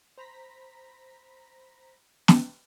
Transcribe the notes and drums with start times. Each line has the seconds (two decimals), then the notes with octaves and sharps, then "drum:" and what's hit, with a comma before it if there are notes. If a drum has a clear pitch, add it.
0.18 C5 A#5 B5 A#6 B6
2.28 drum: snare